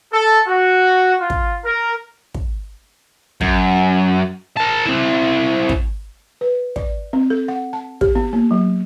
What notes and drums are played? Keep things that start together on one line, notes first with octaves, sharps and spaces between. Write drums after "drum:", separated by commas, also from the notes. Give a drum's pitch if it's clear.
A4
F#4
F4
drum: kick
A#4
drum: kick
F#2, drum: kick
A#4 A5
C4 E4
drum: kick
B4
D5, drum: kick
C4
A4
F#5
A5
G4, drum: kick
B3
A#3
F#3